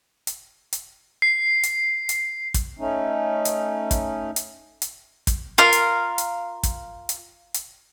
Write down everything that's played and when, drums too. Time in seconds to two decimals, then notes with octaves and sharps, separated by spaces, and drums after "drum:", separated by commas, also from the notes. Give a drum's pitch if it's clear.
0.27 drum: hi-hat
0.73 drum: hi-hat
1.22 C7
1.63 drum: hi-hat
2.09 drum: hi-hat
2.54 drum: kick, hi-hat
2.77 A3 C#4 D#4
3.45 drum: hi-hat
3.91 drum: kick, hi-hat
4.36 drum: hi-hat
4.82 drum: hi-hat
5.27 drum: kick, hi-hat
5.58 F4 A#4 F5
5.73 drum: hi-hat
6.18 drum: hi-hat
6.63 drum: kick, hi-hat
7.09 drum: hi-hat
7.54 drum: hi-hat